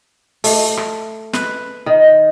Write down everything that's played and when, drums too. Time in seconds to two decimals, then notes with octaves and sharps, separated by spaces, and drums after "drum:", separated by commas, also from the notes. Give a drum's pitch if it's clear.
0.44 A3, drum: open hi-hat
0.77 drum: rim click
1.33 B4, drum: snare
1.86 D#3